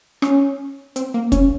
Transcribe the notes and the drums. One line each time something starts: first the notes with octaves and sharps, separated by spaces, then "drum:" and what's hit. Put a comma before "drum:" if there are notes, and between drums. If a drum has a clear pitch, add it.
C#4, drum: rim click
C4, drum: hi-hat
A#3
C#4, drum: kick, hi-hat